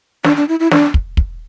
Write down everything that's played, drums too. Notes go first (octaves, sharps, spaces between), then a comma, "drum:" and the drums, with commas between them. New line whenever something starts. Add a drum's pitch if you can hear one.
D4, drum: snare
D4
E4
E4
D4, drum: snare
drum: kick
drum: kick